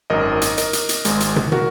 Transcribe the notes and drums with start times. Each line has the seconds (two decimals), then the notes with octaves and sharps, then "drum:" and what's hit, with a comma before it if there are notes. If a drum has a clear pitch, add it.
0.10 G#1 F#2 D#3 A#4 D#5
0.42 drum: hi-hat
0.58 A#4 D#5, drum: hi-hat
0.73 drum: hi-hat
0.89 drum: hi-hat
1.05 G#1 G#2 G#3, drum: hi-hat
1.20 drum: hi-hat
1.36 drum: tom
1.52 F#4 A#4, drum: tom